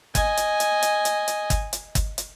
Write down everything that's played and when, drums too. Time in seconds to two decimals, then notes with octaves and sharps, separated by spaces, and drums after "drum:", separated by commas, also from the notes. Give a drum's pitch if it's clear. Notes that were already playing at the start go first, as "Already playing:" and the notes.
0.15 D#5 G#5, drum: kick, hi-hat
0.37 drum: hi-hat
0.60 drum: hi-hat
0.82 drum: hi-hat
1.05 drum: hi-hat
1.28 drum: hi-hat
1.50 drum: kick, hi-hat
1.73 drum: hi-hat
1.95 drum: kick, hi-hat
2.18 drum: hi-hat